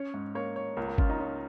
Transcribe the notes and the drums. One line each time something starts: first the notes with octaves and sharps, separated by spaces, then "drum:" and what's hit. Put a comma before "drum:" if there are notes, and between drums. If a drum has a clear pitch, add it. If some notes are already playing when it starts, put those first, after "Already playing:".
Already playing: C#4 C#5
G#2
A#3 C#5
C#5
C#2 A#3
A#3
C#4 F4, drum: kick G1
D#4
C#4 F4